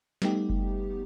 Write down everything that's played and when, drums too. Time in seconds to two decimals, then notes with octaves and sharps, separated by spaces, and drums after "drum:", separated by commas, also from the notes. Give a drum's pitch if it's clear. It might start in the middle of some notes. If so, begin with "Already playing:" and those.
0.22 G3 A3 B3 D#4 G4, drum: snare
0.50 drum: kick F#1